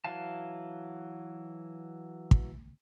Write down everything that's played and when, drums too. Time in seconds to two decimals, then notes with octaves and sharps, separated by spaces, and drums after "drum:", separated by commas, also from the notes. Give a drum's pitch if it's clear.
0.04 E3 F#3 F5 A5
2.31 drum: kick